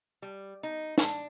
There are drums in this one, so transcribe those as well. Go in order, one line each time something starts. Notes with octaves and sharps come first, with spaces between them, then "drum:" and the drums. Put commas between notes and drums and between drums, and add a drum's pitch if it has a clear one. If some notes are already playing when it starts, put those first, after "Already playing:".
G3
D#4
D4, drum: snare